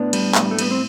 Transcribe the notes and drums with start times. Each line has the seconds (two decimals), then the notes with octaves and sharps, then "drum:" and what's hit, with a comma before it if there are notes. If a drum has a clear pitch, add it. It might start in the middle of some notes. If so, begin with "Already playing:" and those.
Already playing: A2 B3 D4
0.13 G3, drum: cymbal
0.35 A2, drum: clap
0.42 G3
0.51 A3
0.59 G3 B3, drum: cymbal
0.71 C4